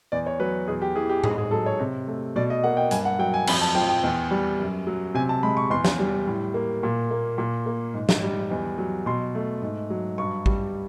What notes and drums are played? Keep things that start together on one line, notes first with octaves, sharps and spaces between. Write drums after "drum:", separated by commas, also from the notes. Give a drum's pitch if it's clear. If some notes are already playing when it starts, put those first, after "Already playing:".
E2 D5
C#5
F#3 B4
E2 G#4
G4
E3 G#4
G4
G#2 G#4, drum: tom A2
G#4
F#3 A4
C#5
C3
A3
B2 D5
D#5
A#3 F#5
G5
G2 G#5, drum: hi-hat
F#5
F#3 G5
G#5
F2 B5, drum: cymbal
A5
F3 G5
G5
E2
G3
F#2
F#3
C3 G#5
A5
G#3 B5
C#6
E2 C6
drum: snare
G3
A2
A#3
A#2
A#3
A#2
A#3
G#2
drum: snare
G3
E2
F#3
B2 C6
A3
G#2
F#3
G2 C#6
G3, drum: kick